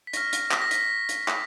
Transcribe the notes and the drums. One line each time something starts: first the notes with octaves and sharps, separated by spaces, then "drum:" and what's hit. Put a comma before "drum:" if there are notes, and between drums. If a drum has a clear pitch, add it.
B6
C#6 F6 A#6, drum: hi-hat
drum: hi-hat
B6, drum: clap
A#6
B6, drum: hi-hat
drum: hi-hat
drum: clap